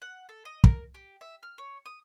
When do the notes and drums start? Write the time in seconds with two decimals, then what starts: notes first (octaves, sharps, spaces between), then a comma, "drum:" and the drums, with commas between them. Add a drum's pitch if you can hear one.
0.02 F#5
0.29 A4
0.45 D#5
0.64 A#4, drum: kick
0.94 G4
1.21 E5
1.43 F6
1.58 C#5
1.86 D#6